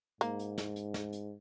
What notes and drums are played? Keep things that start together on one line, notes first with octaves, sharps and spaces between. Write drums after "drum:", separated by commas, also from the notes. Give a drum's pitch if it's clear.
G#2 A#3, drum: hi-hat
drum: hi-hat
drum: snare
drum: hi-hat
drum: snare
drum: hi-hat